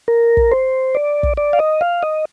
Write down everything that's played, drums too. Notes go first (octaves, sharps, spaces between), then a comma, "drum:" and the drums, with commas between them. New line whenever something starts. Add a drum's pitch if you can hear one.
A#4
drum: kick
C5
D5
drum: kick
D5
F5
D#5
F5
D#5